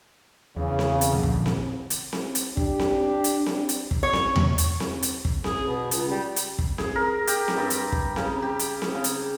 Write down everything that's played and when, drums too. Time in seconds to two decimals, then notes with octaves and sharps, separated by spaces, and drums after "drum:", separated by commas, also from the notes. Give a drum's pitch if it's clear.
0.57 E2 C#3
0.79 drum: snare C4
1.01 drum: hi-hat
1.14 A#2 D3 F3
1.23 drum: kick
1.46 drum: snare C4
1.90 drum: hi-hat
2.13 drum: snare C4
2.35 drum: hi-hat
2.57 D4 G4, drum: kick
2.79 drum: snare C4
3.24 drum: hi-hat
3.46 drum: snare C4
3.69 drum: hi-hat
3.91 drum: kick
4.03 C#5
4.13 drum: snare C4
4.36 drum: tom E2
4.58 drum: hi-hat
4.80 drum: snare C4
5.03 drum: hi-hat
5.25 drum: kick
5.44 G#4, drum: snare C4
5.66 B2
5.91 C#2, drum: hi-hat
6.10 G3
6.36 drum: hi-hat
6.59 drum: kick
6.78 G#4, drum: snare C4
6.96 A#4
7.27 G4, drum: hi-hat
7.48 drum: snare C4
7.57 G2
7.70 drum: hi-hat
7.92 drum: kick
8.16 C#3, drum: snare C4
8.42 G4
8.59 drum: hi-hat
8.82 drum: snare C4
8.95 C#3
9.04 drum: hi-hat